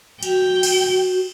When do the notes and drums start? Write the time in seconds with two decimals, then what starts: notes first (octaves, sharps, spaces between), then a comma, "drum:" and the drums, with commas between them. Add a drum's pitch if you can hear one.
0.23 F#4 G5, drum: cymbal
0.63 drum: cymbal